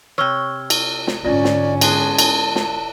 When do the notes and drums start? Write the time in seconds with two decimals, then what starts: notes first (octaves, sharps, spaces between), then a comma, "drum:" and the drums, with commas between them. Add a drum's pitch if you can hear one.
0.18 C3 C#5 E6 F6 G7
0.70 drum: cymbal
1.07 drum: snare
1.25 G#2 D3 C#4 F4 D5
1.44 drum: snare
1.81 G#3 B3 G#4 A5, drum: cymbal
2.19 drum: cymbal
2.56 drum: snare